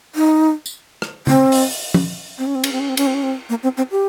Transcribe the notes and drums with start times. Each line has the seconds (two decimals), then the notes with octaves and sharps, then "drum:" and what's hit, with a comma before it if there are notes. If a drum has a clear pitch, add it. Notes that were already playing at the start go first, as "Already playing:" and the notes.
0.15 D#4
0.66 drum: tambourine
1.02 drum: rim click
1.27 C4, drum: tom C#3
1.52 drum: open hi-hat
1.94 drum: tom F3
2.38 C4
2.46 C#4
2.55 C4
2.64 C#4, drum: cymbal
2.72 C4
2.80 C#4
2.89 C4
2.97 C#4, drum: cymbal
3.07 C4
3.14 C#4
3.23 C4
3.49 A#3
3.63 C4
3.77 C4
3.91 G4